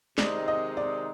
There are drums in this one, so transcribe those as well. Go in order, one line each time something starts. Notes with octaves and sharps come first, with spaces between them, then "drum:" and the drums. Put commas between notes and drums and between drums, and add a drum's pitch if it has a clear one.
C3 D#3 G#3 C4 D#4 D5, drum: snare
D#5
D5